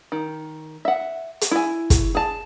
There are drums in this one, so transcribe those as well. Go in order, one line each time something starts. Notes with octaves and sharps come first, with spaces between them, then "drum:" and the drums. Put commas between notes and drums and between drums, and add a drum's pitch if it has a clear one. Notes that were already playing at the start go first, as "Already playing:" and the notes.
D#3
E5 F#5
drum: hi-hat
E4 G#5
drum: kick, hi-hat
G#4 A5